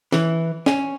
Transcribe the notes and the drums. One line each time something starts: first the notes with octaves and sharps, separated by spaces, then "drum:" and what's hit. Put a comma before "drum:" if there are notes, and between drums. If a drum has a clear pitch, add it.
E3, drum: snare
C#4, drum: snare